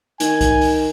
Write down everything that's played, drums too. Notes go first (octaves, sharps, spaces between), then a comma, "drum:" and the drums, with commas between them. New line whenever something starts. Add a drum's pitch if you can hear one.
D#3 G#5, drum: hi-hat
drum: kick C2, hi-hat
drum: open hi-hat